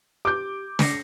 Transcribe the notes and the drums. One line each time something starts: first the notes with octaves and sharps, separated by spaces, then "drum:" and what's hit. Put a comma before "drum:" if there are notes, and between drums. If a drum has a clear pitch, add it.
G4 D6 G6
A#6 C7 C#7, drum: snare